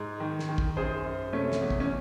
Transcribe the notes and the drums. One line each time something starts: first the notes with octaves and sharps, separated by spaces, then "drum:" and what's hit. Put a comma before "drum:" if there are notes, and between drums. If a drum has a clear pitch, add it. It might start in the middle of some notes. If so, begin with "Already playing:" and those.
Already playing: G#2
D#3
drum: snare
D#3
drum: kick
F#2 G#4 C5
F#2
C3 A3 C#4
drum: snare
E2
drum: kick
C#4